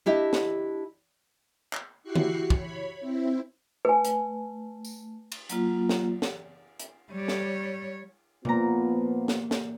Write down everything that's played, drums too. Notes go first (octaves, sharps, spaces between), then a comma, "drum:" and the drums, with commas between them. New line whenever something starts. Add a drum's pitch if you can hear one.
D4 E4 G4 D#5 E5
drum: snare
drum: clap
E4 F#4 G4 C#6 F#6 C7
drum: tom D3
C#5 B5, drum: kick
C4 E4
A3 B4 G#5
drum: hi-hat
drum: tambourine
drum: cymbal
F#3 A#3 F4, drum: hi-hat
drum: snare
drum: snare
drum: hi-hat
G3 C#5
drum: snare
A#2 F3 B3 F4 A#5, drum: tom B2
drum: snare
drum: snare